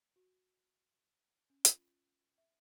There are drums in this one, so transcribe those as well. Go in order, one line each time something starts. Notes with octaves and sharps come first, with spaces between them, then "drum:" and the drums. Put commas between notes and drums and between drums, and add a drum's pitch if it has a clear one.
F#4
C#4
F4, drum: hi-hat
E5